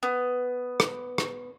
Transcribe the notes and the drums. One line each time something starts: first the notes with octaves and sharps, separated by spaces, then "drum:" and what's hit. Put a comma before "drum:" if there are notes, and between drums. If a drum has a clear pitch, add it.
B3
drum: rim click
drum: rim click